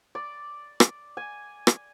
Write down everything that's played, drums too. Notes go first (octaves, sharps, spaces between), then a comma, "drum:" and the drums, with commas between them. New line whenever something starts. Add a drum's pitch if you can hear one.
D5
drum: rim click
G#5
drum: rim click